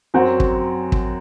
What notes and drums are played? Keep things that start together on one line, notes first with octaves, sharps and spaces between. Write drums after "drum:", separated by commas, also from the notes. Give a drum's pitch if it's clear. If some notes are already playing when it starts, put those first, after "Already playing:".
F#2 F#3 C4 F#4
drum: kick
drum: kick